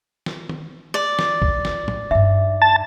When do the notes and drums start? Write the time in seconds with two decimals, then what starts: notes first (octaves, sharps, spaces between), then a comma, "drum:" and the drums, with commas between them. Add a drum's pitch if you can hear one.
0.26 drum: snare
0.49 drum: tom D#3
0.94 D5
1.19 drum: snare
1.42 drum: kick
1.65 drum: snare
1.88 drum: tom
2.11 G2 D#4 E5
2.62 A5